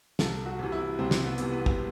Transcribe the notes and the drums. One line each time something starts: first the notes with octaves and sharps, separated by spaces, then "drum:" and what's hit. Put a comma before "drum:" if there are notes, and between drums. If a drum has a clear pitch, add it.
C2 A4, drum: snare
F#4
C3 E3
E4
C2 C4
drum: snare
B3
C3 E3, drum: hi-hat
B3
drum: kick